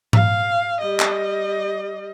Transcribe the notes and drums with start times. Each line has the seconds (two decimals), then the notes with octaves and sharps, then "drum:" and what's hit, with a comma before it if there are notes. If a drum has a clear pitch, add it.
0.13 F5, drum: tom G#2
0.81 G3 D#5
1.00 drum: clap